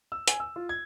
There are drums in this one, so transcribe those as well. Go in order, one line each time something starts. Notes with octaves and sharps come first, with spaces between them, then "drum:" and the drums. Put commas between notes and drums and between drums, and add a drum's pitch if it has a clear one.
E6
G#5, drum: hi-hat
E6
F4
G#6